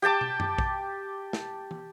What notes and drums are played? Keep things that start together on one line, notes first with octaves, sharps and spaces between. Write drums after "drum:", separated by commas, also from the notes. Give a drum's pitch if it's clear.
G4 G5 A5 D6
drum: tom
drum: tom F#2
drum: kick
drum: snare
drum: tom